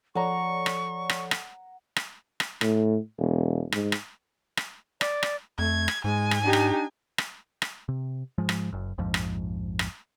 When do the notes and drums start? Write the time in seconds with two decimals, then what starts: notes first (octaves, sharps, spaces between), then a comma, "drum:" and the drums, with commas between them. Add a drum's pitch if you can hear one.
0.15 F3 A4 C#5 D5 F#5 A#5 C#6
0.66 drum: rim click
1.09 drum: rim click
1.31 drum: rim click
1.96 drum: rim click
2.40 drum: rim click
2.61 A2, drum: rim click
3.19 E1
3.72 G#2, drum: rim click
3.92 drum: rim click
4.57 drum: rim click
5.01 D5, drum: rim click
5.23 drum: rim click
5.59 F2 A3 G#6
5.88 drum: rim click
6.04 G#2 G#3 G#5
6.31 drum: rim click
6.44 D4 D#4 G4
6.53 drum: rim click
7.18 drum: rim click
7.62 drum: rim click
7.88 C3
8.38 G#2 F3 G#3
8.49 drum: rim click
8.72 F#1 F#2
8.98 A#1 F2 G#2 F3
9.14 drum: rim click
9.79 drum: rim click